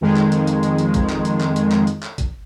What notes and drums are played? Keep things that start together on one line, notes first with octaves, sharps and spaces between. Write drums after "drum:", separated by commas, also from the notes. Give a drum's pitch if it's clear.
F2 D#3 G#3
drum: clap
drum: hi-hat
drum: hi-hat
drum: hi-hat
drum: hi-hat
drum: kick G#1, hi-hat
drum: clap
drum: hi-hat
drum: clap
drum: hi-hat
drum: clap
drum: hi-hat
drum: clap
drum: kick G#1, hi-hat